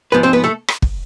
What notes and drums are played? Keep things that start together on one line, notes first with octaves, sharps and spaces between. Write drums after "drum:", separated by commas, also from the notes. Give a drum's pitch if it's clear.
G#2 F3 B3 B4
C4 C5
B3 B4
A3 A4
drum: rim click
drum: kick